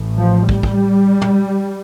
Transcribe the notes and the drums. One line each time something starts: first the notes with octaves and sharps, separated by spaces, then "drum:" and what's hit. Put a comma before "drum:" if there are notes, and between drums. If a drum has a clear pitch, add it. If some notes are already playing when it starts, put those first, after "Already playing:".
Already playing: A1 A2
F3
G3, drum: kick
drum: kick
drum: tom